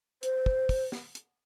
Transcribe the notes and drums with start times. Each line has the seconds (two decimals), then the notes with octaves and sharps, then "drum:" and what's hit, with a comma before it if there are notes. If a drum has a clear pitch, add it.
0.23 C5, drum: hi-hat
0.46 drum: kick
0.69 drum: kick, open hi-hat
0.92 drum: snare
1.15 drum: hi-hat